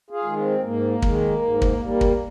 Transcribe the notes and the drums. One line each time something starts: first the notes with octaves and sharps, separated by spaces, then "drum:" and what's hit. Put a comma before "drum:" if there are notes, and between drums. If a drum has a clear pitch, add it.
F4 G#4
D#3 G#3
C4
G#2 A#3
D#3 G#3, drum: kick
G#2
drum: kick
G3 A#3
drum: kick